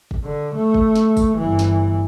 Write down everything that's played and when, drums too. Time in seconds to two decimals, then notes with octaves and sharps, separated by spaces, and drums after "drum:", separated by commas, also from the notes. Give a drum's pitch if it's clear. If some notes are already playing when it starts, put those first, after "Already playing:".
0.11 drum: kick
0.23 D3
0.55 A3
0.74 drum: kick
0.96 drum: snare
1.17 drum: kick, tambourine
1.38 G1 E3
1.59 drum: snare